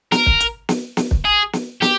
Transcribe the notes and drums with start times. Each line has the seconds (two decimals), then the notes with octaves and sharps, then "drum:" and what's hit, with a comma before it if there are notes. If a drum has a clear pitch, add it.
0.12 A#4, drum: snare
0.26 drum: kick
0.40 drum: hi-hat
0.69 drum: snare
0.97 drum: snare
1.11 drum: kick
1.25 G#4
1.53 drum: snare
1.82 G4, drum: snare